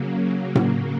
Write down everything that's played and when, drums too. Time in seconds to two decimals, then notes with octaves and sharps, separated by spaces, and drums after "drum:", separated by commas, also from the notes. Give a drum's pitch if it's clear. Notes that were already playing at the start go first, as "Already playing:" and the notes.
Already playing: C#3 F#3 A#3
0.55 drum: tom A2